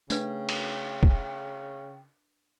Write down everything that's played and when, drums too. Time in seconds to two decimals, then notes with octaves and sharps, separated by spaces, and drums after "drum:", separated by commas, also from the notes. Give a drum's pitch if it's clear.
0.10 C#3 A3 D4 B4 G5, drum: tambourine
0.49 drum: cymbal
1.03 drum: kick